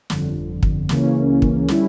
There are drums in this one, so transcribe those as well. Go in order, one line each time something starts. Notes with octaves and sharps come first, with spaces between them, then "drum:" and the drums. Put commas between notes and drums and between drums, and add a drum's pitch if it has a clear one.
G1 F2 D3, drum: snare
drum: kick
C#2 C#3 E3 A#3 C#4, drum: snare
drum: kick
D3 G3 C#4 E4, drum: snare